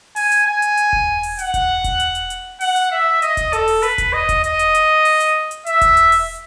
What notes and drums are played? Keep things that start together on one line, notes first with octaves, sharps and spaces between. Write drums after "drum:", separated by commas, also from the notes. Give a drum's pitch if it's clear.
G#5, drum: open hi-hat
drum: hi-hat
G#5
drum: hi-hat
drum: hi-hat
drum: kick E1
drum: open hi-hat
F#5, drum: hi-hat
drum: kick E1, hi-hat
drum: kick E1, hi-hat
drum: hi-hat
drum: hi-hat
drum: hi-hat
F#5, drum: open hi-hat
drum: hi-hat
E5
D#5, drum: hi-hat
drum: kick E1, hi-hat
A4, drum: hi-hat
drum: open hi-hat
B4, drum: hi-hat
drum: kick E1, hi-hat
D#5
drum: kick E1, hi-hat
D#5, drum: hi-hat
drum: hi-hat
drum: hi-hat
drum: open hi-hat
drum: hi-hat
drum: hi-hat
E5, drum: hi-hat
drum: kick E1, hi-hat
drum: hi-hat
drum: open hi-hat